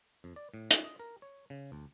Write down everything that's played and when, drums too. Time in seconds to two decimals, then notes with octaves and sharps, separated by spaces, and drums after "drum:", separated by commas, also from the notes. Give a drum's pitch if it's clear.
0.24 F2
0.36 D5
0.54 A2
0.71 G#4, drum: hi-hat
0.84 D#5
1.00 A#4
1.22 C#5
1.50 C#3
1.72 D2